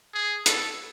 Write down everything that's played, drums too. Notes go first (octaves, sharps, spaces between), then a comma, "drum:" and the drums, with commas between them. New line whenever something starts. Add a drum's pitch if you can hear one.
G#4
A4, drum: hi-hat